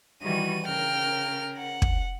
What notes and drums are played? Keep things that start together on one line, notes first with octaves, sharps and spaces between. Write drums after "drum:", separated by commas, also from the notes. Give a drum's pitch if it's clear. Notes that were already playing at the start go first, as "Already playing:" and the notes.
D#3 E3 G3 F#4 D#7
C#3 A#4 G5 F6
F#5
drum: kick